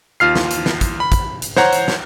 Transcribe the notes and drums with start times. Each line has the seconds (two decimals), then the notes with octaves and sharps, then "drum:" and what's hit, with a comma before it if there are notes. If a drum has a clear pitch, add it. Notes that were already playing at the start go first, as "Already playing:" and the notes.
0.20 D#2 F4 F6 C7
0.35 drum: snare
0.51 drum: hi-hat
0.66 drum: snare
0.81 drum: kick, hi-hat
1.00 B5
1.12 drum: kick, hi-hat
1.42 drum: hi-hat
1.56 C5 C#5 F#5 A#5, drum: snare
1.73 drum: hi-hat
1.88 drum: snare